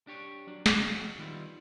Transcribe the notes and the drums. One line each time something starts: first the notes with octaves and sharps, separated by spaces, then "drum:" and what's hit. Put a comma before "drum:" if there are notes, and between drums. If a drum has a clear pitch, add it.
D4 G4 C#5
F#3 D4
drum: snare
C#3 G3 F5
F2 F#3 F4 F#5
D#3 G3 B3 E4 F4